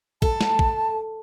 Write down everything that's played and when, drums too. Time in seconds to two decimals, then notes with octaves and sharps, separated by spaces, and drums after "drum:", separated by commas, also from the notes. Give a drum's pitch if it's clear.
0.22 A4 A5, drum: kick
0.41 drum: snare
0.59 drum: kick